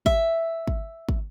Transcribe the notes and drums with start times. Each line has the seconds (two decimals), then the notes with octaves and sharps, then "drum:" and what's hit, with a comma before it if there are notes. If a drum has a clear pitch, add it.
0.06 E5, drum: kick
0.68 drum: kick
1.09 drum: kick